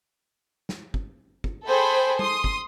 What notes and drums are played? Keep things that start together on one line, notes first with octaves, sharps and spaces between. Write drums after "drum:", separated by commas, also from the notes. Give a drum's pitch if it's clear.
drum: snare
drum: kick
drum: kick
G#4 A4 C5 G5 B5
C6 D#6, drum: tom
drum: kick